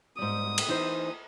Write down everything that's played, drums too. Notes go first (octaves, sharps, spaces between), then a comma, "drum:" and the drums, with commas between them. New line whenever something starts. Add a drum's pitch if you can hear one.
G#2 G3 D#6
drum: cymbal
E3 D#4 C5